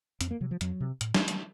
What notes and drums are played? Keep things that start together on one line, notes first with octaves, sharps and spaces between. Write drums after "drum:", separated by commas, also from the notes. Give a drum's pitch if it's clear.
F2 C4, drum: hi-hat
A#3
C3 F#3
F3
F2 F#3, drum: hi-hat
C3
A2, drum: hi-hat
drum: snare
drum: hi-hat